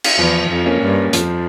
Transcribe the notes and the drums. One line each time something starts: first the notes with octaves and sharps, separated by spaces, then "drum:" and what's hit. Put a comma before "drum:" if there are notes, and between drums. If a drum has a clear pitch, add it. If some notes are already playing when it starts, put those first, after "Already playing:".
drum: cymbal
E2 F3
F2
A#3 C#4
G2
F2 F3, drum: hi-hat